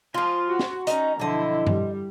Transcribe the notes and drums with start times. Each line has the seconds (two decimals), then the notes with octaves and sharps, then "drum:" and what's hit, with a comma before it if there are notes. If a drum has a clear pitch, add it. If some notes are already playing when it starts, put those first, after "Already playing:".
0.14 F3 F4 G#5 C6
0.49 F#4
0.59 drum: snare
0.87 C#4 D#4 A#5, drum: hi-hat
1.20 B1 D3 F3 E4 D#5 A5
1.67 G3, drum: tom G2